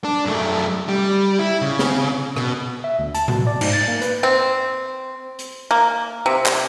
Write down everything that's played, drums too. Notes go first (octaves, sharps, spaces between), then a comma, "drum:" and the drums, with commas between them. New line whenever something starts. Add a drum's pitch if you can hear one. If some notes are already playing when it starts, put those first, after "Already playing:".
D4
F#2 A3
G3
E4
C#3
drum: snare
B2, drum: rim click
E5
D2
A5, drum: hi-hat
B2, drum: tom A2
D5
G#2, drum: cymbal
A6
A#3
B4, drum: hi-hat
C4
drum: hi-hat
A#3
C3
drum: clap